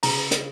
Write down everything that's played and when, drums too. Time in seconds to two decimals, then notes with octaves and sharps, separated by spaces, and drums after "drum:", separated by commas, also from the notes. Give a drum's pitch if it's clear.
0.03 C#3 A#5, drum: open hi-hat
0.31 drum: hi-hat